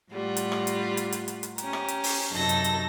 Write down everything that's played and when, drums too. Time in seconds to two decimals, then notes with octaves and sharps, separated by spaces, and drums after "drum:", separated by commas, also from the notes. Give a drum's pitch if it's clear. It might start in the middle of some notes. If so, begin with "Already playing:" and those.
0.11 A2 G3 F4 F#4
0.37 drum: hi-hat
0.52 drum: rim click
0.67 drum: hi-hat
0.97 drum: hi-hat
1.12 drum: hi-hat
1.28 drum: hi-hat
1.43 drum: hi-hat
1.58 C#4 G4 A#5, drum: hi-hat
1.73 drum: rim click
1.88 drum: hi-hat
2.04 drum: open hi-hat
2.32 F#2 C3 F#3 D#4 A4 A#6
2.49 drum: hi-hat
2.64 drum: hi-hat